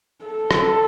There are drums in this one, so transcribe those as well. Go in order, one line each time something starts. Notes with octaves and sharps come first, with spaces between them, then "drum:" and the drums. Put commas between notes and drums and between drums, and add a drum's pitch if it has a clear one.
A4
drum: rim click